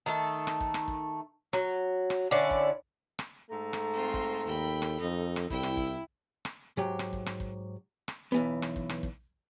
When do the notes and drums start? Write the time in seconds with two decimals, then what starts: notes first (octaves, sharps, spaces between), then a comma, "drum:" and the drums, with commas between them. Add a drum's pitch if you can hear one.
0.06 D#3 A3 A4
0.47 drum: rim click
0.61 drum: kick
0.74 drum: rim click
0.88 drum: kick
1.53 F#3, drum: rim click
2.10 drum: rim click
2.31 D3 C#4 E4 D5
2.51 drum: kick
3.19 drum: rim click
3.49 G#2 A3 A4 A#5
3.73 drum: rim click
3.93 C4 F4
4.14 drum: kick
4.47 D#2 G5 B5
4.82 drum: rim click
5.00 F2 D#4
5.36 drum: rim click
5.50 C2 E4 G5, drum: kick
5.63 drum: rim click
5.77 drum: kick
6.45 drum: rim click
6.77 G#2 F#3 G4
6.99 drum: rim click
7.13 drum: kick
7.26 drum: rim click
7.40 drum: kick
8.08 drum: rim click
8.32 B1 E3 B3
8.62 drum: rim click
8.76 drum: kick
8.89 drum: rim click
9.03 drum: kick